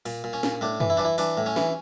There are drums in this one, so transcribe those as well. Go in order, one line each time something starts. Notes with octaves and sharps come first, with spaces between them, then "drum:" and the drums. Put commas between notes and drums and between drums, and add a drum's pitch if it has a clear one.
A#2, drum: open hi-hat
A#2
C#4
A#2, drum: snare
A2 D4
E3, drum: tom F#2
E4
E3 D4
E4
E3 D4, drum: open hi-hat
A2
C#4
E3, drum: snare